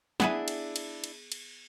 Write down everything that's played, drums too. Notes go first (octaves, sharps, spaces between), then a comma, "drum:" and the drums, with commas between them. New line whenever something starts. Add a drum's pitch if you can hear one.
B3 D4 E4 G#4 B4, drum: snare
drum: cymbal
drum: cymbal
drum: cymbal
drum: cymbal